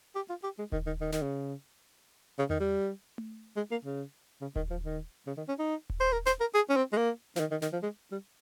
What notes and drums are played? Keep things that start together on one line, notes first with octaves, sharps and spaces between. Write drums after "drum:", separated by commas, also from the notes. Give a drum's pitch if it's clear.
G4
F4
G4
G#3
D#3, drum: kick D#1
D#3
D#3
D#3, drum: snare
C#3
C#3
D#3, drum: tom E2
G3
drum: tom A3
G#3
A#3
C#3
C#3
D#3, drum: kick D#1
F3
D#3
C#3
D#3
C#4
D#4
drum: kick D#1
C5
A#4
C5, drum: snare
A#4
G#4
C#4
C4
G#3
A#3
F3, drum: snare
D#3
D#3
D#3, drum: snare
F3
G#3
G3